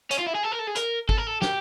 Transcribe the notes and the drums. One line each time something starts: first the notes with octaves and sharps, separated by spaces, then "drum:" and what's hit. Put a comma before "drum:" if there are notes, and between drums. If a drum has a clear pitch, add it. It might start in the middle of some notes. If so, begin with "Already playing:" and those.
C#4, drum: hi-hat
F4
E4
G#4
A4
A#4
A4
G#4
A#4, drum: hi-hat
A4, drum: kick G1
A#4
A4
G4, drum: snare